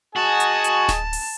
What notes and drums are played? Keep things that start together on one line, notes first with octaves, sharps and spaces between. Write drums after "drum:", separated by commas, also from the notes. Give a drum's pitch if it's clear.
F#4 G#4 D#5 G#5 A5
drum: hi-hat
drum: hi-hat
drum: snare D1
drum: open hi-hat